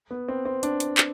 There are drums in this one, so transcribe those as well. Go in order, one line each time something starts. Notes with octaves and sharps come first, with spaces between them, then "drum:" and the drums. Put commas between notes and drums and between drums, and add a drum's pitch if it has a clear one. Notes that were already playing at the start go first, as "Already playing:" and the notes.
B3
C4
C4
D4, drum: hi-hat
drum: hi-hat
drum: clap